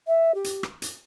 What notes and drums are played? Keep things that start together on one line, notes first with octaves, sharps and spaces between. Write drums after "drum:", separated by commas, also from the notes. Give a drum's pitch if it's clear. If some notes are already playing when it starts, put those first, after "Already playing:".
E5
G4
drum: hi-hat
drum: rim click
drum: hi-hat